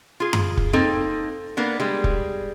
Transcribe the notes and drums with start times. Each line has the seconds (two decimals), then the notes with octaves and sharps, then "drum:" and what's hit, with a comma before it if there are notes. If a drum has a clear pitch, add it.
0.20 F4 G#4
0.33 drum: tom F#2
0.57 drum: kick
0.73 A#3 C4 D#4 A4
1.57 A#3 B3 D4
1.80 G3 G#3
2.04 drum: kick